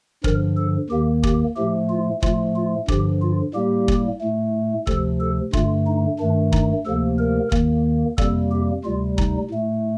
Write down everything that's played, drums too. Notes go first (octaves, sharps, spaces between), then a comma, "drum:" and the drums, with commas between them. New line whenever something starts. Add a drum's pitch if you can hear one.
G2 D3 F3 A#4, drum: kick
A4
D#2 D#3 A#3 G4
G4, drum: kick
A2 F3 A3 G4
F4
A2 F3 A3 F4, drum: kick
F4
G2 D3 F3 G4, drum: kick
F4
A2 G3 A#3 G4
drum: kick
A2 A3
D2 C3 F3 A4, drum: kick
A4
G2 D3 A3 F4, drum: kick
D#4
G2 D#3 A3 D4
D#4, drum: kick
D2 C3 F3 A#3 A4
A#4
D#2 D#3 A#3, drum: kick
F2 C3 G3 A#3 A4, drum: kick
G4
D2 C3 G3 F4
D#4, drum: kick
A2 A3